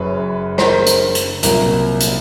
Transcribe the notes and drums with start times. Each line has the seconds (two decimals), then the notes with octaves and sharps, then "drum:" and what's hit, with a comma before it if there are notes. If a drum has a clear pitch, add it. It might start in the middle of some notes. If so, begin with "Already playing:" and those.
Already playing: F#1 F#2 C#3 B4 C#5
0.58 A#4 C5, drum: rim click
0.86 drum: hi-hat
1.15 drum: hi-hat
1.43 C2 A#2 F#3 A#3 A#4, drum: hi-hat
2.00 drum: hi-hat